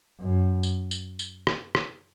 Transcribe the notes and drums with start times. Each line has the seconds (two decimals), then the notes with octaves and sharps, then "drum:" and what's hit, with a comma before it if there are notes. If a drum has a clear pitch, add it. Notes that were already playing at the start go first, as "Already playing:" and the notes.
0.21 F#2
0.63 drum: tambourine
0.91 drum: tambourine
1.19 drum: tambourine
1.47 drum: rim click
1.75 drum: rim click